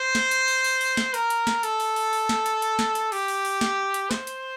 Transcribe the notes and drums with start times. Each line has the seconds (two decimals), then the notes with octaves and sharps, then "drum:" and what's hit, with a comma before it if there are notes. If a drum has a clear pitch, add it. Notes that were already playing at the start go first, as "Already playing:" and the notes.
Already playing: C5
0.15 drum: snare
0.31 drum: hi-hat
0.48 drum: open hi-hat
0.64 drum: open hi-hat
0.81 drum: open hi-hat
0.97 drum: snare
1.14 A#4, drum: hi-hat
1.30 drum: hi-hat
1.47 drum: snare
1.63 A4, drum: hi-hat
1.80 drum: open hi-hat
1.96 drum: open hi-hat
2.13 drum: open hi-hat
2.29 drum: snare
2.46 drum: hi-hat
2.62 drum: hi-hat
2.79 drum: snare
2.95 drum: hi-hat
3.12 G4, drum: open hi-hat
3.28 drum: open hi-hat
3.45 drum: open hi-hat
3.61 drum: snare
3.94 drum: hi-hat
4.11 C5, drum: snare
4.27 drum: hi-hat